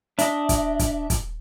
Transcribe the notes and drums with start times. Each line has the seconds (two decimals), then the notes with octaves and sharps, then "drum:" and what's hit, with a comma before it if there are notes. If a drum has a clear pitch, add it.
0.19 D4 D#5 E5, drum: hi-hat
0.49 drum: kick, hi-hat
0.79 drum: kick, hi-hat
1.10 drum: kick, hi-hat